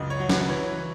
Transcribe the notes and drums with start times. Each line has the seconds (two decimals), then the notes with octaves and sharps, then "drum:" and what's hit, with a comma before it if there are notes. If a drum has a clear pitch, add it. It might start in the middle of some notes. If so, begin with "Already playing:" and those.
Already playing: C#2 F#2 D#5
0.10 C#5
0.20 F#3
0.29 B4, drum: snare
0.48 E3 C#5